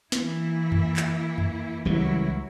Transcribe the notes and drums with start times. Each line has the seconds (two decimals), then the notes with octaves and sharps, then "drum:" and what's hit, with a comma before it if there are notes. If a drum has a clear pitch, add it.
0.12 E3 A#3 E4, drum: snare
0.72 drum: tom F2
0.97 drum: clap
1.38 drum: tom F2
1.85 C#2 E3 F#3 G3 E4 A#4